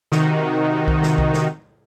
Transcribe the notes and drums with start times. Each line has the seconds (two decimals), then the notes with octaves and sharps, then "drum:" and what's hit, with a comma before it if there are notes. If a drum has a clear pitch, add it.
0.12 C3 D#3 D#4 F#4, drum: snare
0.88 drum: kick B1
1.03 drum: snare
1.18 drum: kick B1
1.33 drum: snare